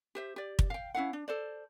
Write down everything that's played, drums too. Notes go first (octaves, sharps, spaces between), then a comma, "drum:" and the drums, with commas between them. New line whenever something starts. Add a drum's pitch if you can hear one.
G4 C5 E5
G4 D5
drum: kick
F5 G5
C#4 E4 F5 F#5
D4
A4 C5 D5